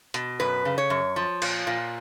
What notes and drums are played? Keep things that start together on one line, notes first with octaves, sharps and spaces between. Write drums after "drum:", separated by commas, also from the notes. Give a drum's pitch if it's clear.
B2, drum: hi-hat
F#2 B4
C#3
C#5
F#2
F3
A#2, drum: cymbal
A#2